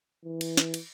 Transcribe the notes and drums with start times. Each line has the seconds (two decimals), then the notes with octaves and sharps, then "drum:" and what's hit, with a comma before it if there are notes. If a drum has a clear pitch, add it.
0.24 E3
0.41 drum: cymbal
0.57 drum: snare
0.74 drum: cymbal